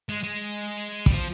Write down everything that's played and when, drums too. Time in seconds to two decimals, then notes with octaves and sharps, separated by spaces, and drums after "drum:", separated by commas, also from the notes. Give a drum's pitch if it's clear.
0.09 G#3
0.23 G#3
1.06 G3, drum: kick
1.12 F3